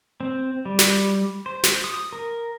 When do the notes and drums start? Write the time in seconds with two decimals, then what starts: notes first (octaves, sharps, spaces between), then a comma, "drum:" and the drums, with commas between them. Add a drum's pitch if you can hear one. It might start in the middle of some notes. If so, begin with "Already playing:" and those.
0.21 C4
0.65 G3
0.79 drum: snare
1.46 C5
1.63 drum: snare
1.84 D#6
2.13 A#4